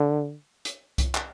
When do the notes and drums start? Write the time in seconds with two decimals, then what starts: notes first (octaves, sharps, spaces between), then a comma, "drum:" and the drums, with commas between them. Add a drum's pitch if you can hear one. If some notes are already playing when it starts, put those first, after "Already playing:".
Already playing: D3
0.65 drum: hi-hat
0.98 drum: kick C2, hi-hat
1.15 drum: clap